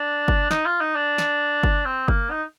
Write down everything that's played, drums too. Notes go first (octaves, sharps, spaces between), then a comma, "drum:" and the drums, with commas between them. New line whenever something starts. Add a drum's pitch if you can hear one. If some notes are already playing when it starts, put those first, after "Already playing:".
Already playing: D4
drum: kick F#1
D#4, drum: snare
F4
D#4
D4
drum: snare
drum: kick F#1
C4
A#3, drum: kick F#1
D#4